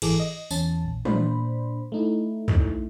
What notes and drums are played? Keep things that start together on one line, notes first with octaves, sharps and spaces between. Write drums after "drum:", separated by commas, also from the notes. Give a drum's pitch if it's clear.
G#1 E3 G#4 A4 D6, drum: cymbal
D#5
E2 C#4 A5, drum: tambourine
A#1
A#2 D4 C5 B5, drum: tom
A3 D#4 E4
drum: tom